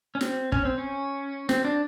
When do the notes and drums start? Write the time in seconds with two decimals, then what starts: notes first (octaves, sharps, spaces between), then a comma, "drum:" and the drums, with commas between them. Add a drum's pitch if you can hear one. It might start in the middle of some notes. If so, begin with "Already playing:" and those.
0.15 C#4
0.21 C4, drum: snare
0.52 C#4, drum: kick
0.65 C4
0.78 C#4
1.49 C4, drum: snare
1.65 D4